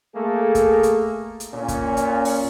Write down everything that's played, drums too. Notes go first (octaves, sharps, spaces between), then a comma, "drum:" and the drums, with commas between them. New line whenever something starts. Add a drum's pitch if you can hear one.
A3 A#3 G#4 A4
drum: kick, hi-hat
drum: hi-hat
drum: hi-hat
A#2 C#4
drum: kick, hi-hat
drum: hi-hat
drum: open hi-hat